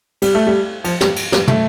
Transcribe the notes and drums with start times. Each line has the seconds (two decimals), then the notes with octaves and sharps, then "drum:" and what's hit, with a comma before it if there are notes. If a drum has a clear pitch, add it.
0.22 G3, drum: cymbal
0.35 A3
0.47 G3
0.84 F3, drum: cymbal
1.01 G3, drum: snare
1.16 drum: cymbal
1.32 G3, drum: snare
1.48 A3, drum: tom